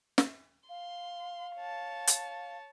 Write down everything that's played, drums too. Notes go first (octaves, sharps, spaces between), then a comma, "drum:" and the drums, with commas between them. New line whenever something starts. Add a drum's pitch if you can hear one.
drum: snare
F5 C6
C#5 A5
drum: hi-hat